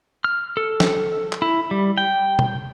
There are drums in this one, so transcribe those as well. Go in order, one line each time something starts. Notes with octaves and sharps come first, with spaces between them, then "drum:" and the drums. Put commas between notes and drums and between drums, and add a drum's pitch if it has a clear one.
F6
A4
drum: snare
drum: clap
E4
G3
G5
drum: tom B2